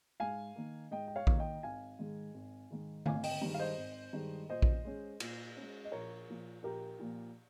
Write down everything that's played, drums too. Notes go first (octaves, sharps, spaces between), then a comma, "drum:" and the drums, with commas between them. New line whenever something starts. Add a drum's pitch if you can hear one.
G#2 F5 G#5
D#3 A#3
G#2 D#5 G5
G5
C#5 F5
D#3 A#3, drum: kick A#1
D#5 G5
G#1 F5 G#5
G#2 D#3 G#3
G#1
G#2 D#3 G#3
G#1 F5 G#5, drum: tom D3
D#5 G5, drum: open hi-hat
G2 D#3 G#3
F5
C5 D#5
G#1
G2 D#3 G#3
A#2 C5 D#5
drum: kick A#1
G#3 C#4
A#2, drum: cymbal
G#3 C#4
D#5
A#1 A#4 C#5
A#2 F3 A#3
A#1 G4 A#4
A#2 F3 A#3